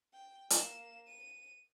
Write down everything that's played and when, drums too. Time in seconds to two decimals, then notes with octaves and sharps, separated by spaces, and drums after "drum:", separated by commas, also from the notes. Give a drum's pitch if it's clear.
0.14 G5
0.50 A#3 E7, drum: hi-hat
1.07 D#7